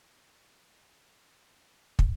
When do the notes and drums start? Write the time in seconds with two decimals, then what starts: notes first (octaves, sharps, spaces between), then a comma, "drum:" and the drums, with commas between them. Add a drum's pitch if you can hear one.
0.23 D#5
0.52 C#5
0.66 B4
0.81 A#4
0.96 B4
1.40 C#5
1.60 C#5
1.70 C#5
1.99 drum: kick